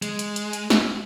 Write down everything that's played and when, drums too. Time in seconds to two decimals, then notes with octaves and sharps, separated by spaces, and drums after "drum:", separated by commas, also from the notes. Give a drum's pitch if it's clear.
0.02 G#3, drum: hi-hat
0.19 drum: hi-hat
0.36 drum: hi-hat
0.53 drum: hi-hat
0.70 drum: snare